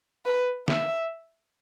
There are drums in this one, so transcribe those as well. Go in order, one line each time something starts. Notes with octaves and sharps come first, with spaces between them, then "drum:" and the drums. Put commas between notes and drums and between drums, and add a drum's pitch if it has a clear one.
B4
E5, drum: snare